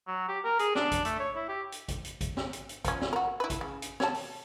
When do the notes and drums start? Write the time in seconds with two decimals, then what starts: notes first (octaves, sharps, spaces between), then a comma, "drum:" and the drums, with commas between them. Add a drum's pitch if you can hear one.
0.07 F#3
0.28 G4
0.44 A#4
0.59 G#4, drum: hi-hat
0.75 D4, drum: snare
0.92 drum: kick A1, hi-hat
1.05 A3, drum: hi-hat
1.19 C#5
1.35 E4
1.48 G4
1.72 drum: hi-hat
1.88 drum: kick A1, hi-hat
2.05 drum: hi-hat
2.21 drum: kick A1, hi-hat
2.37 drum: snare
2.53 drum: hi-hat
2.69 drum: hi-hat
2.85 F3 C#4, drum: kick A1, hi-hat
3.01 drum: snare
3.13 F#4 A#4
3.40 E4 B4
3.50 drum: kick A1, hi-hat
3.61 C#3
3.82 drum: hi-hat
4.00 C#5 A5, drum: snare
4.14 drum: open hi-hat